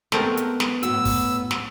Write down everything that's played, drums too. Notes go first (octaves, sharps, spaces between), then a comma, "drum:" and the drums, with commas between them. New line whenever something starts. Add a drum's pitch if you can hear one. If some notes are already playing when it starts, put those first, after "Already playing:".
G#3 A3 B3 C4 A#4, drum: snare
drum: hi-hat
drum: snare
A2 B3 F#4 E6, drum: hi-hat
drum: kick, open hi-hat
drum: snare